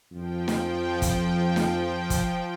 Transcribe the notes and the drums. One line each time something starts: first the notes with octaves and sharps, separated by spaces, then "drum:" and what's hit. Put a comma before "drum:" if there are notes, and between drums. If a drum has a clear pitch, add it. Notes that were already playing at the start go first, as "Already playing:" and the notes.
F2 F3 G5
drum: snare
drum: kick, hi-hat
drum: snare
drum: kick, hi-hat